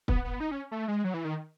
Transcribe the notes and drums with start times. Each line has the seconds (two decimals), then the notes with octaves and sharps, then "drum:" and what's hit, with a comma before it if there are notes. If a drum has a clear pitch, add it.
0.08 B3, drum: kick
0.24 B3
0.40 D#4
0.51 C#4
0.71 A3
0.88 G#3
1.04 F#3
1.14 E3
1.25 D#3